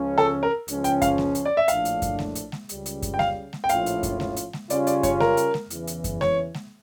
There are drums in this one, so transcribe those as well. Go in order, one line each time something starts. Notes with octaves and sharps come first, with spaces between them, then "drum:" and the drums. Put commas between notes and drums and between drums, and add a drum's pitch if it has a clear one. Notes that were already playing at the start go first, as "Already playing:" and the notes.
Already playing: C#2 C#3 F3 C#4
A4, drum: snare G#3
A#4
C#2 C#3 F3 C#4, drum: hi-hat
G5, drum: hi-hat
F5, drum: kick F#2, hi-hat
drum: snare G#3
drum: hi-hat
D5
E5
A#1 A2 F3 A3 D4 F5, drum: hi-hat
drum: hi-hat
drum: kick F#2, hi-hat
drum: snare G#3
drum: hi-hat
drum: snare G#3
C#2 C#3 G3, drum: hi-hat
drum: hi-hat
drum: kick F#2, hi-hat
G5
F5, drum: snare G#3
drum: snare G#3
G5
A#1 A2 F3 C#4 F4 F5, drum: hi-hat
drum: hi-hat
drum: kick F#2, hi-hat
drum: snare G#3
drum: hi-hat
drum: snare G#3
C#3 G3 C#4 F4 D5, drum: hi-hat
D5, drum: hi-hat
C#5, drum: kick F#2, hi-hat
A#4, drum: snare G#3
drum: hi-hat
drum: snare G#3
E2 C#3 E3, drum: hi-hat
drum: hi-hat
drum: kick F#2, hi-hat
C#5, drum: snare G#3
drum: snare G#3